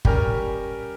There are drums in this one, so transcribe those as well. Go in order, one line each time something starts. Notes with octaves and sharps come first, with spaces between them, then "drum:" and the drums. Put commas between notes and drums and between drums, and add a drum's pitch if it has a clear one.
G3 C#4 G4 A#4, drum: kick